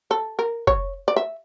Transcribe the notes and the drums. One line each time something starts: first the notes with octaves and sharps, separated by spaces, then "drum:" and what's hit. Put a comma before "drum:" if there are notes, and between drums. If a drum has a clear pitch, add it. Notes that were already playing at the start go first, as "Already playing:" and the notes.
A4
A#4
C#5, drum: kick
D5
E5